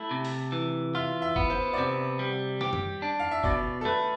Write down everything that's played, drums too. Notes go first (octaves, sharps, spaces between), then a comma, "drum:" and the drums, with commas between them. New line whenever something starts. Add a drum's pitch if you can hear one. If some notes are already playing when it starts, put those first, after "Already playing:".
Already playing: A3 E4
C3
drum: open hi-hat
E3
F4 E5
E5
B3, drum: kick
C5
D5
C3 C5
G3
G4, drum: snare
drum: tom F#2
D4
F5
E5
B2 D5, drum: kick
A4
A3 B4